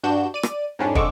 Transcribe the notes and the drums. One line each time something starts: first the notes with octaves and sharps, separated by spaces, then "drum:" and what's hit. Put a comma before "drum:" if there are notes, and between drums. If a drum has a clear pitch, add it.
G2 D4 F#4 G6 E7
D5 D#7
drum: rim click
F2 G#2 G3 C#4 D4
F2 D3 G#3 C#6 D6 E6, drum: kick